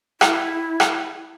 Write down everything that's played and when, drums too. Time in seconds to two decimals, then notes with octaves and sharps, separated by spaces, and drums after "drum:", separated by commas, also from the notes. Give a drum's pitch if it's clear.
0.21 E4, drum: rim click
0.80 drum: rim click